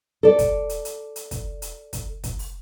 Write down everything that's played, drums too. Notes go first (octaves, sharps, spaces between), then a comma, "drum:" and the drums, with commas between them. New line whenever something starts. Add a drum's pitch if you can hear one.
A4 D5
drum: kick, hi-hat
drum: hi-hat
drum: hi-hat
drum: hi-hat
drum: kick, hi-hat
drum: hi-hat
drum: kick, hi-hat
drum: kick, hi-hat
drum: open hi-hat